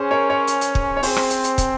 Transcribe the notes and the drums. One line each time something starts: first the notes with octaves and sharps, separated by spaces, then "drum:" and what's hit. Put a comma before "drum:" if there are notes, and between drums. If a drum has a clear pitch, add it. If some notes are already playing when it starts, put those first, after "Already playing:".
Already playing: C#4 G#4 C5
A#4 C#5
A#4 C#5
drum: hi-hat
drum: hi-hat
drum: kick
C#5
C4 G#4 C5, drum: open hi-hat
drum: rim click
drum: hi-hat
drum: hi-hat
drum: kick, hi-hat